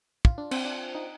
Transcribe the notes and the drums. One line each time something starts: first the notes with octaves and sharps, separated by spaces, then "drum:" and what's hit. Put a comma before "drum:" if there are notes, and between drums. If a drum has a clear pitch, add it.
F4, drum: kick
D4
C4, drum: cymbal
D4
D#4